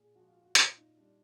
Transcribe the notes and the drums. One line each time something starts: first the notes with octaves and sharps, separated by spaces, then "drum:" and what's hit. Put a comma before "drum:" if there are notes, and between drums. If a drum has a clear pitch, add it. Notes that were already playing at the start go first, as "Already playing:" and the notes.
Already playing: A#2 G#4
F3 G#3 F#4
F4
F#4
A#2 F4, drum: hi-hat
D#4
G3 D4